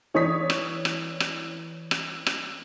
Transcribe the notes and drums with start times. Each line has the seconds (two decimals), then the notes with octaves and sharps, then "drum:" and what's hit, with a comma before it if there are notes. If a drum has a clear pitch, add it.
0.14 E3 C#5 D5 C#6 D#6 B6
0.50 drum: rim click
0.85 drum: rim click
1.20 drum: rim click
1.91 drum: rim click
2.26 drum: rim click